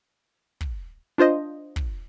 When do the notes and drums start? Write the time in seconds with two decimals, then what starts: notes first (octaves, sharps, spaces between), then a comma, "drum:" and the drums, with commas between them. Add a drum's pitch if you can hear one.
0.61 drum: kick
1.18 D4 F4 C5 D#5
1.76 drum: kick